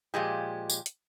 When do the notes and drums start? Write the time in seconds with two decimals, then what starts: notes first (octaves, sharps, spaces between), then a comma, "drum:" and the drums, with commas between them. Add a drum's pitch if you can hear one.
0.14 A#2 F3 G#3 G4
0.70 drum: tambourine
0.86 drum: hi-hat